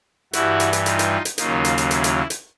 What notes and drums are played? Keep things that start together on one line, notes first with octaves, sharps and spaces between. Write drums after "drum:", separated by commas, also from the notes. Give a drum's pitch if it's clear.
G2 E3 G3 E4 F#4, drum: hi-hat
drum: hi-hat
drum: hi-hat
D#4 F4, drum: hi-hat
drum: hi-hat
drum: hi-hat
D#2 C#3 F#3 A#3 D#4 F4, drum: hi-hat
drum: hi-hat
drum: hi-hat
E4, drum: hi-hat
drum: hi-hat
drum: hi-hat